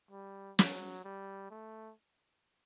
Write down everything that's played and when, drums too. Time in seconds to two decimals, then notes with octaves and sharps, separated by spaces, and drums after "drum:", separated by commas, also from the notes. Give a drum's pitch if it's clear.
0.11 G3
0.59 F#3, drum: snare
1.05 G3
1.51 A3